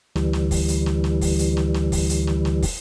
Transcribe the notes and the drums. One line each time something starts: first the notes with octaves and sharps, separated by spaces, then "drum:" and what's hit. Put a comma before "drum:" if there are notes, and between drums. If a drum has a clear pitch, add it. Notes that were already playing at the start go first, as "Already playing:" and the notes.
D2 E3 G3, drum: snare
drum: snare
drum: kick, open hi-hat
drum: hi-hat
drum: snare
drum: snare
drum: kick, open hi-hat
drum: hi-hat
drum: snare
drum: snare
drum: kick, open hi-hat
drum: hi-hat
drum: snare
drum: snare
drum: kick, open hi-hat